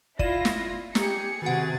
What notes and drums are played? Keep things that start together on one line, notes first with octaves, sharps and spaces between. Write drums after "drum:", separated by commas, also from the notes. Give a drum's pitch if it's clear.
E4 F4 D5 A#6 D#7 E7, drum: kick G1
drum: snare
G4 G#4 A#5 C#7, drum: snare
C3 D#3 F#4 G#4 F#5 A6